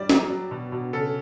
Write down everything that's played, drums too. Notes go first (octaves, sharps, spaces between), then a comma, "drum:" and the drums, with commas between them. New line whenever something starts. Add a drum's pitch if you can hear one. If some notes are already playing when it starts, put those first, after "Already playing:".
Already playing: G3 D5
F#3, drum: snare
F#3
B2
B2
C#3 A4